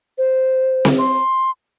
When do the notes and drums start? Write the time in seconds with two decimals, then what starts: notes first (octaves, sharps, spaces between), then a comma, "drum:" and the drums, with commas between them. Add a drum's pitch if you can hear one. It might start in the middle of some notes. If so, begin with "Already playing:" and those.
0.18 C5
0.85 drum: snare C4
0.99 C6